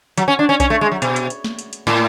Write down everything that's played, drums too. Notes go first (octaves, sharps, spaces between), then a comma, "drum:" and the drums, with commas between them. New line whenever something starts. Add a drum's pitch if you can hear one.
F#3, drum: hi-hat
C#4
D4
C#4
C#4, drum: kick B1, hi-hat
A3
G#3
F#3
B2, drum: hi-hat
drum: hi-hat
drum: hi-hat
drum: snare
drum: hi-hat
drum: hi-hat
A2, drum: snare